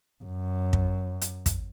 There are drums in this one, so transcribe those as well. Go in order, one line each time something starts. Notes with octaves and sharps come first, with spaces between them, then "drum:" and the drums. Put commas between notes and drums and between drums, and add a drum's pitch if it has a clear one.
F#2
drum: kick
drum: hi-hat
drum: kick, hi-hat